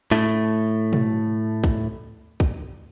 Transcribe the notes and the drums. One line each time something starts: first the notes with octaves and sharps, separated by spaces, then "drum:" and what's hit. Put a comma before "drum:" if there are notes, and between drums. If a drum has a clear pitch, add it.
A2 A3, drum: snare
drum: tom B2
drum: kick
drum: kick